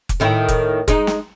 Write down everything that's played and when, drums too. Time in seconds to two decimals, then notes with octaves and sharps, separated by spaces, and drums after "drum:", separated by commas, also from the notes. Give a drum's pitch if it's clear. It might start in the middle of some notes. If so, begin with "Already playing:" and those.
0.09 drum: kick F1, hi-hat
0.20 A2 D#3 E4
0.48 drum: kick F1, hi-hat
0.88 G#3 D#4, drum: kick F1, hi-hat
1.07 drum: snare